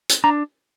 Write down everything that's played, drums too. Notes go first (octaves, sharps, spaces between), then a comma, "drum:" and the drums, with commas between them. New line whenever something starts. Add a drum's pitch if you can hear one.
drum: hi-hat
D4 A#5